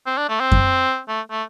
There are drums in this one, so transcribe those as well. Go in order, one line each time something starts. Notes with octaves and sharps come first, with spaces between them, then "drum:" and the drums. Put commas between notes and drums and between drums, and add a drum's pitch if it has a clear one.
C4
D4
A3
C4
drum: kick F#2
A3
A3